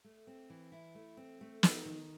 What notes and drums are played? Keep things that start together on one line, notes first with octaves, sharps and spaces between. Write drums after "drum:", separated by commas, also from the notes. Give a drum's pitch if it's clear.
A3
C4
E3
E4
A3
C4
A3
D#4, drum: snare
D#3